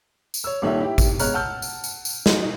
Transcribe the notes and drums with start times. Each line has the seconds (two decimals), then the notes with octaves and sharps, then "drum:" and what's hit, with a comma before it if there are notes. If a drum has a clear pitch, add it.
0.34 drum: tambourine
0.44 C#5 E6
0.62 C2 A#2 D#3 A4 C#5 E5
0.80 E4 G4
0.98 drum: kick, tambourine
1.19 G#3 B3 C#5 A#5 F6 F#6, drum: tambourine
1.34 F#5 A5 E6 F6 G6
1.62 drum: tambourine
1.84 drum: tambourine
2.05 drum: tambourine
2.26 F#3 D#4, drum: snare